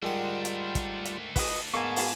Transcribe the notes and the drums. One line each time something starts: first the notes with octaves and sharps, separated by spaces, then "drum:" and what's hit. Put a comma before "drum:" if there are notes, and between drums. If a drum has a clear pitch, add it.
G#2 D#3 G3 A3 D4 F4 F#5
drum: hi-hat
drum: kick, hi-hat
drum: hi-hat
B4 D#5, drum: kick, open hi-hat
G#2 A#3 B3 F5 G#5 A5 C#6
drum: open hi-hat